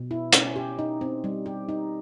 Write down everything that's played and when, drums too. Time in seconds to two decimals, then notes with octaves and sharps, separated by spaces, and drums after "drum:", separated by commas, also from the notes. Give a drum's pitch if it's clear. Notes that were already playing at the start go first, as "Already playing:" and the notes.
Already playing: B2
0.11 E4
0.33 C#4, drum: hi-hat
0.56 G4
0.79 D#4
1.01 C4
1.24 G3
1.46 G4
1.69 D#4